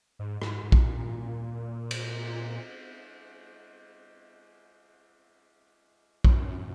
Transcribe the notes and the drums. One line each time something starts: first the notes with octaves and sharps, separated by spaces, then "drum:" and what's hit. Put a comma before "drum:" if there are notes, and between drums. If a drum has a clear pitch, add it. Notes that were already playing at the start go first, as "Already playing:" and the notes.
G#2
G#2, drum: rim click
G#2
drum: kick A#1
A#2
drum: cymbal
F#2, drum: kick A#1